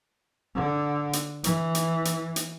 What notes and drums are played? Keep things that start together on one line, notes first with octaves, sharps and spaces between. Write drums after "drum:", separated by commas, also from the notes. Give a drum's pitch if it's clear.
D3
drum: hi-hat
E3, drum: hi-hat
drum: hi-hat
drum: hi-hat
drum: hi-hat